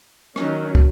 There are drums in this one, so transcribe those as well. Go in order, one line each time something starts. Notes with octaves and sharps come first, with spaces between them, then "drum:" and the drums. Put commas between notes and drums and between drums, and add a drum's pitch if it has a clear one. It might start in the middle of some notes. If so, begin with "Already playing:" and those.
D#3 F#3 C#4, drum: rim click
drum: kick